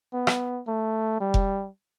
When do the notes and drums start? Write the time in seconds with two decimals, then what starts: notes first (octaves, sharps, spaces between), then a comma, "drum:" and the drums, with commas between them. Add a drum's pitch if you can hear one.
0.13 B3
0.27 drum: rim click
0.67 A3
1.21 G3
1.34 drum: kick F1